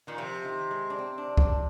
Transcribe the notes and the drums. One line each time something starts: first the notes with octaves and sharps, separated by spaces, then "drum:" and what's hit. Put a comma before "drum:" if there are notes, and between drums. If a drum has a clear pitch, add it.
A#2 D#3
C3 F3
D#3
G#3
D4
C4
D4
D4, drum: kick C#2